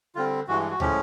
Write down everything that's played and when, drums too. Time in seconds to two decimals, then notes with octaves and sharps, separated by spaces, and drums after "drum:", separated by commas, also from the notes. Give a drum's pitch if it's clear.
0.15 D3 G3 C4 F4
0.48 G2 E3 G#3 F#4
0.71 F#4
0.80 A2 F3 G#3 C#4 G4, drum: tom